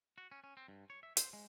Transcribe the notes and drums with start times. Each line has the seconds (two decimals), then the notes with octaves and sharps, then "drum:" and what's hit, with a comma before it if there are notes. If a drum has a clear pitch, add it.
0.18 F#4
0.32 C#4
0.44 C#4
0.57 C4
0.68 G2
0.90 C#5
1.03 E5
1.17 C5, drum: hi-hat
1.33 G#3